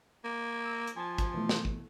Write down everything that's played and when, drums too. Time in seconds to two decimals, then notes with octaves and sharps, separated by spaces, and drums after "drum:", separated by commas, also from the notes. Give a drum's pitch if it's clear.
0.24 A#3
0.48 G#6
0.65 E6
0.87 drum: hi-hat
0.96 F3 G#5 A5
1.18 drum: kick, hi-hat
1.34 B2 E3 A3
1.49 drum: snare
1.65 drum: kick